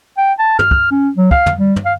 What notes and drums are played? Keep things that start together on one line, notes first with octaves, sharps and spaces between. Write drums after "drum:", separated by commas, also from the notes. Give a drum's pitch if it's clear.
G5
A5
F6, drum: tom
drum: kick
C#4
F#3
F5, drum: kick
drum: tom
G3
drum: tom
F5